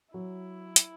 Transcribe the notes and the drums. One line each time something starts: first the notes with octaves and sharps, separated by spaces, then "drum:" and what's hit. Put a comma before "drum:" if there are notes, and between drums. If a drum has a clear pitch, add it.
F#3 E4
drum: hi-hat